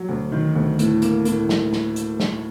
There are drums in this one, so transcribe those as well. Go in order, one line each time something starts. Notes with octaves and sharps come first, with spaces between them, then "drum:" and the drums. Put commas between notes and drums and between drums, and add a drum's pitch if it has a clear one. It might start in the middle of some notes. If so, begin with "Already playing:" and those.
Already playing: F#3
D2
D#3
D2
A2, drum: hi-hat
A#3, drum: hi-hat
A2, drum: hi-hat
drum: snare
drum: snare
drum: hi-hat
drum: snare